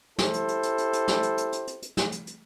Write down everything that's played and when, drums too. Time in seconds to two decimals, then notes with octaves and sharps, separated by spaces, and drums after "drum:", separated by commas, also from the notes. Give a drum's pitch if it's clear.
0.18 E4 G4 A4 C5, drum: snare
0.33 drum: hi-hat
0.48 drum: hi-hat
0.63 drum: hi-hat
0.78 drum: hi-hat
0.93 drum: hi-hat
1.08 drum: snare
1.23 drum: hi-hat
1.38 drum: hi-hat
1.52 drum: hi-hat
1.67 drum: hi-hat
1.82 drum: hi-hat
1.97 drum: snare
2.12 drum: hi-hat
2.27 drum: hi-hat